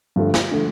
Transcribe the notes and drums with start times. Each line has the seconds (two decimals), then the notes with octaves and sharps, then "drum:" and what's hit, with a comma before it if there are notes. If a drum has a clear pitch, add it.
0.16 G2 D3 F3 A3
0.34 drum: snare
0.51 D3 F3 A3